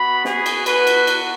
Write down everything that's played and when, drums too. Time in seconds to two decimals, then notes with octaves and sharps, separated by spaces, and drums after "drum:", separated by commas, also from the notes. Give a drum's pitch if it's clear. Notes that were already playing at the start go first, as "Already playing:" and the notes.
Already playing: B3 F#4 B5
0.25 G#4, drum: snare
0.46 drum: cymbal
0.66 B3 F#4 B4, drum: cymbal
0.87 drum: cymbal
1.07 drum: cymbal